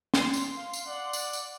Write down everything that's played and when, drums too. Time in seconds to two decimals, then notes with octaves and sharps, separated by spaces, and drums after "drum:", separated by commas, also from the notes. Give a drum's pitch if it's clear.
0.14 C6, drum: snare
0.34 drum: tambourine
0.57 F5
0.73 drum: tambourine
0.87 D5 F#5
1.13 drum: tambourine
1.33 drum: tambourine